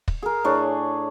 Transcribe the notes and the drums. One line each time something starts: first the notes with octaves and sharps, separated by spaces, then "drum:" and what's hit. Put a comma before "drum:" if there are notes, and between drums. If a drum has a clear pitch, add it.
drum: kick
G#4 A#4
A2 D4 G#4 C#5